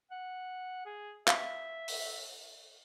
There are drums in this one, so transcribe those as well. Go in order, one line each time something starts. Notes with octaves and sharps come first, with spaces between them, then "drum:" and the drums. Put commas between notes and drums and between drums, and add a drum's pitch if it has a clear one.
F#5
G#4
E5 F5, drum: clap
drum: open hi-hat